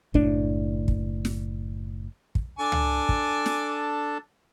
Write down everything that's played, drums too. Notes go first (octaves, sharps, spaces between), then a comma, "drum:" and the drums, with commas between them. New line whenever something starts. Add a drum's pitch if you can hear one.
F#1 A2 D4, drum: kick
drum: kick
drum: snare
drum: kick
D4 A4 G#5 A5 D6
drum: tom
drum: kick
drum: snare